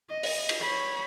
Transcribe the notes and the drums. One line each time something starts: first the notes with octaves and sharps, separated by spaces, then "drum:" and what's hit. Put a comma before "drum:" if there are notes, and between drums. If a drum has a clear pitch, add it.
D#5
drum: open hi-hat
drum: cymbal
C#5 B5